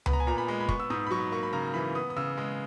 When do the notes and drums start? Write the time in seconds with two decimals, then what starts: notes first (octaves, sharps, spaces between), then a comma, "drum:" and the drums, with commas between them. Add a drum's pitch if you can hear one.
0.06 B3 B5, drum: tom C#2
0.13 A#5
0.20 G#5
0.27 A#2 A#5
0.38 B5
0.48 G#3
0.60 B5
0.69 B3 C#6, drum: kick
0.80 E6
0.90 G#2 D#6
1.07 B5
1.11 F#3 C#6
1.32 A#3 C#6
1.43 B5
1.53 C#3 A#5
1.74 E3 B5
1.95 B3 D#6
2.10 D#6
2.16 C#3 E6
2.38 G#3